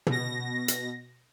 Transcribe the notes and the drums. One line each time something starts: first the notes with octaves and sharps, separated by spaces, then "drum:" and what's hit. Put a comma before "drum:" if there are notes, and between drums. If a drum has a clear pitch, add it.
B2 A#6, drum: tom
drum: hi-hat